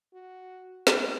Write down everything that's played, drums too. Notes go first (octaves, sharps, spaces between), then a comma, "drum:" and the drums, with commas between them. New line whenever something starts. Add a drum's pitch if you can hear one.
F#4
D#4, drum: snare